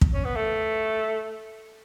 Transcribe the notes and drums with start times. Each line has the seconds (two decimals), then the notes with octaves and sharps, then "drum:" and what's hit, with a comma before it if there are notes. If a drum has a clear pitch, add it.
0.01 drum: kick
0.14 C#4
0.25 B3
0.36 A3